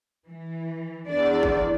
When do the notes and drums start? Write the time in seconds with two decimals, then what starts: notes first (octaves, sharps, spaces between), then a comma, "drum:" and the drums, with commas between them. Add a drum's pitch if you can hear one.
0.28 E3
1.10 E2 D4 D5
1.43 drum: kick G1